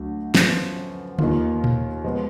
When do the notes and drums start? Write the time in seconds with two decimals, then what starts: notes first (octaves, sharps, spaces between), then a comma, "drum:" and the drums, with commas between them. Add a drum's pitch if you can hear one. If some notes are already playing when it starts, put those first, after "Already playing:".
Already playing: D2 D3 F#3
0.35 F#2 F3 B3, drum: snare
1.19 D#2 D#3 A#3 F4, drum: tom
1.64 drum: tom A#2
2.04 F3 G#3 B3